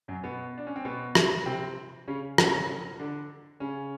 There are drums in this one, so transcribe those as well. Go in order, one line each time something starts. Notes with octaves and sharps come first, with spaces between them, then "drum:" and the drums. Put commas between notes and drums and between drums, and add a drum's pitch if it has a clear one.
F#2 F#3
B2 B3
D4
C#4
C4
B2 B3
drum: rim click
C3 C4
C#3 C#4
C#3 C#4, drum: rim click
D3 D4
C#3 C#4